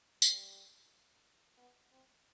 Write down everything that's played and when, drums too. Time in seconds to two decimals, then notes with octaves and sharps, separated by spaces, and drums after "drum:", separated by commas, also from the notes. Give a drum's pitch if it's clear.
0.22 G3, drum: tambourine
1.58 B3
1.91 C4